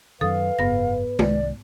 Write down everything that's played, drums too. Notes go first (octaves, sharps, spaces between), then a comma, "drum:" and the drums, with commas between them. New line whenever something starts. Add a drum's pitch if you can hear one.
F#2 D#3 A4 B4 F5 D#6
F#1 G#2 B3 A#6
C2 D#3 D5, drum: tom G#3